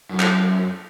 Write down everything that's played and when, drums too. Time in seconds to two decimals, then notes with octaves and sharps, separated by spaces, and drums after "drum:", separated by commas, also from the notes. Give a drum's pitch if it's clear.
0.10 F#2
0.20 drum: clap